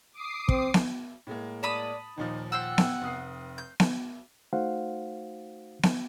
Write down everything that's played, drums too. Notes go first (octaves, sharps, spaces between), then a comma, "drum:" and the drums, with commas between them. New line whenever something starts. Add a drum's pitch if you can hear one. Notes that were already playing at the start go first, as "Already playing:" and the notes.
D6 D#6 C7
C4, drum: kick
drum: snare B3
A2 G#3 A#3
D5 A5 B5 D#6
D#2 A#2 F3 D#4
C5 F#5 G5 E6
drum: snare B3
F1 D#6 C7
G6
drum: snare B3
A3 D#4 F#4 C5 F5 F#5
drum: snare B3